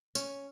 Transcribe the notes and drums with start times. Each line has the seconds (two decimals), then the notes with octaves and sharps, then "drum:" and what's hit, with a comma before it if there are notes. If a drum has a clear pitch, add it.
0.15 C#4, drum: tambourine